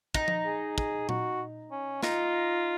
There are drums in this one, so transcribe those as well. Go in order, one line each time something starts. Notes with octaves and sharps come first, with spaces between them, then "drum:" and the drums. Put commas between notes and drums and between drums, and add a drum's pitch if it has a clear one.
D#4, drum: kick
drum: tom F3
G#4
G#4, drum: kick
F#4, drum: tom A#2
C#4
D#4 F4, drum: snare